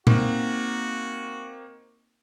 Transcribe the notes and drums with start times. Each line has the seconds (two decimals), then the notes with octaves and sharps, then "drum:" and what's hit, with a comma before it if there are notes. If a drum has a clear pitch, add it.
0.07 A#3 C4 D#4 F#4, drum: tom A#2